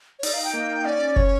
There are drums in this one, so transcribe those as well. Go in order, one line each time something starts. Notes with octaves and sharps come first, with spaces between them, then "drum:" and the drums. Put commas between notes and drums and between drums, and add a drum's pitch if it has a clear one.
C#5
D#4 D5, drum: open hi-hat
F5
G5
A#3
C#4 D5
C#5, drum: kick F1